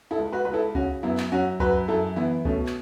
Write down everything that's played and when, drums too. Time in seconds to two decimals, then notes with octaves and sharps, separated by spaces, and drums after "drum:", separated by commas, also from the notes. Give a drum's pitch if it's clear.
0.11 E4 A4
0.18 C#2
0.32 F#4 B4
0.45 C#2 B4
0.53 E4 A4
0.75 C#3 C#4 F#4, drum: kick C2
1.03 F#2 B3 E4
1.17 drum: clap
1.32 F#2 C#4 F#4
1.60 F#2 F#4 B4, drum: kick C2
1.88 F#2 E4 A4
2.16 E3 B3 E4
2.45 B2 A3 C#4, drum: kick C2
2.66 drum: clap